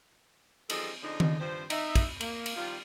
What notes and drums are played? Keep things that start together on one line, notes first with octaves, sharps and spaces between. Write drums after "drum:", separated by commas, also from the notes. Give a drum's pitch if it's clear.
E3 F3 G3 D#4 G#4 A4, drum: cymbal
D3 F3 G#3 D#4
drum: tom D#3
G2 F3 C4 C5
D#4 E5, drum: cymbal
drum: kick, cymbal
A#3, drum: cymbal
drum: cymbal
D#3 F3 G3 F4